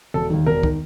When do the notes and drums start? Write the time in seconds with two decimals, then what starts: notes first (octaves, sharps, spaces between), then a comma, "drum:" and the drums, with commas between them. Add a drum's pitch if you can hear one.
0.14 E1 A4
0.30 D#2 D#3
0.46 E1 A#4
0.63 D#3, drum: kick